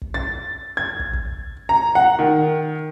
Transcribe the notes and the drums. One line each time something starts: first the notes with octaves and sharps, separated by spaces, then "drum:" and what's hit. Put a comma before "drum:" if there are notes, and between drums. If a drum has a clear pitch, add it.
drum: kick
A6
G#6
drum: kick
drum: kick
A#5
F#5
D#3